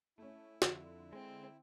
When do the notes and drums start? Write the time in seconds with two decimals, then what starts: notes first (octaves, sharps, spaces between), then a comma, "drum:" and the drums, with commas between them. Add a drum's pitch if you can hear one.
0.18 A3 C#4 E4
0.62 F2 D3, drum: snare
1.13 G#3 C4